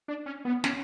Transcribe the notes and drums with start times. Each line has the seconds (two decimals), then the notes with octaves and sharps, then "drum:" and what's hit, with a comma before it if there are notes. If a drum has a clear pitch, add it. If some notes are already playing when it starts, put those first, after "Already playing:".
0.08 D4
0.26 C#4
0.45 B3
0.64 C#4, drum: snare